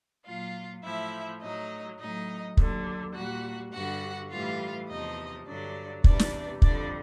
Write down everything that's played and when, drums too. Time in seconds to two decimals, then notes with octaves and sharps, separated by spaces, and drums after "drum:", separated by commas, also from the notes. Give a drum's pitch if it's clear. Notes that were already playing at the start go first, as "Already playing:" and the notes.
0.25 A#2 F#3 F4 F5
0.83 A2 F3 E4 E5
1.41 A2 F#3 D#4 D#5
1.99 A2 F#3 D#4 D#5
2.57 D#2 D3 F#3, drum: kick
3.15 A#2 G3 F#4 F#5
3.73 G2 D3 G3 F#4 F#5
4.30 A2 E3 G3 F4 F5
4.89 E2 C3 F3 D#4 D#5
5.46 G2 D3 F#3 D4 D5
6.04 E2 C3 E3 G3 D4 D5, drum: kick
6.19 drum: snare
6.62 F2 D3 G3 D4 D5, drum: kick